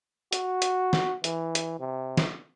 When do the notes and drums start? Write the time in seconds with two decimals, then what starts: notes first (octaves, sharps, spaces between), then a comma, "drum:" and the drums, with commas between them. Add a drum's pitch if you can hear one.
0.33 F#4, drum: hi-hat
0.62 drum: hi-hat
0.93 drum: snare
1.24 E3, drum: hi-hat
1.55 drum: hi-hat
1.80 C3
2.17 drum: snare